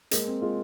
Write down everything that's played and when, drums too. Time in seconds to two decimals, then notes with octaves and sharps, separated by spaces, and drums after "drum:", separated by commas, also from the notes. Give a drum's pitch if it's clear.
0.11 G#3 A#3, drum: hi-hat
0.27 C4
0.42 G#3 F4